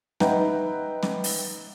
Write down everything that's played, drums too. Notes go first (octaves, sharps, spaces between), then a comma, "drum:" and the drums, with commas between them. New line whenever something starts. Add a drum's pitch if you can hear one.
D#4 B4 E5 F#5 G5 A#5, drum: snare
drum: snare
drum: open hi-hat